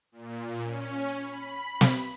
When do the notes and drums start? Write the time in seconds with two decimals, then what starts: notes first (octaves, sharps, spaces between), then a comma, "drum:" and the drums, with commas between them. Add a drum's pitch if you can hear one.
0.12 A#2
0.61 C#4
1.22 B5
1.81 drum: snare